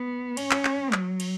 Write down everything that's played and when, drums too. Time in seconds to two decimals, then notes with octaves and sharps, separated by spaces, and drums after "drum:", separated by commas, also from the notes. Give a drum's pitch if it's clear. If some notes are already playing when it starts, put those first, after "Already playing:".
Already playing: B3
0.37 C#4, drum: cymbal
0.51 drum: clap
0.65 drum: clap
0.93 F#3, drum: clap
1.20 drum: cymbal